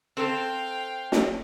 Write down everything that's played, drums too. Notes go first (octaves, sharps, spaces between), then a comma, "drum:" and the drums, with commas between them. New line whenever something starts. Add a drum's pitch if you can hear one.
C4 A4 C5 F5 G5
drum: snare